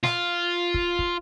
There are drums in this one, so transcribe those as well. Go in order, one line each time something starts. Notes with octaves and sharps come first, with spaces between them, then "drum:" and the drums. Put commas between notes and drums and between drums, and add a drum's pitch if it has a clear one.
F4, drum: snare
drum: kick
drum: kick